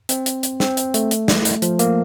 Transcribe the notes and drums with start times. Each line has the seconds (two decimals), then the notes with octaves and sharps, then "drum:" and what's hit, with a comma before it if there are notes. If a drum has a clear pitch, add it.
0.09 C4, drum: hi-hat
0.26 drum: hi-hat
0.43 drum: hi-hat
0.60 C4, drum: snare
0.77 drum: hi-hat
0.94 A3, drum: hi-hat
1.11 drum: hi-hat
1.28 drum: snare
1.45 drum: hi-hat
1.62 F3, drum: hi-hat
1.79 A#3, drum: hi-hat